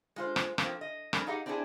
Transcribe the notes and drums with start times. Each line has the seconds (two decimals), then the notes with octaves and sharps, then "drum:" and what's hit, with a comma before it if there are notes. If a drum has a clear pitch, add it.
0.16 G#3 F4 C5
0.36 drum: rim click
0.58 F3 A#3 C4 F4, drum: rim click
0.81 D#5
1.13 F3 G3 C#4 A#4, drum: rim click
1.27 D#4 G4 G#4 D#5 F5 F#5
1.46 C4 D4 E4 F4 G#4